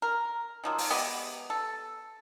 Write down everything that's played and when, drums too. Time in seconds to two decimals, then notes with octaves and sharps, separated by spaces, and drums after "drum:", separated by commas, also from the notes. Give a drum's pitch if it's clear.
0.02 A#4
0.64 D#3 F3 F#3
0.78 drum: open hi-hat
0.90 G#3 B3 G4 D#5
1.50 A4